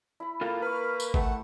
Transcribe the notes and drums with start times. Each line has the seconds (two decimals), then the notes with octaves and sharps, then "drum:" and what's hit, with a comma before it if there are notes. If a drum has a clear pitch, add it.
0.20 E4 B5
0.41 A#3 F4 A4 F5
0.62 A#4 B4 C#6 F6
1.00 drum: tambourine
1.14 A3 G4 A#4 F#5, drum: kick G#1